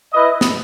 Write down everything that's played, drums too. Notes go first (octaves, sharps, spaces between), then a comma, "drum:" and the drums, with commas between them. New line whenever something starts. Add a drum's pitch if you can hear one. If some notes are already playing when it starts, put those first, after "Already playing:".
E4 B4 D#5
drum: snare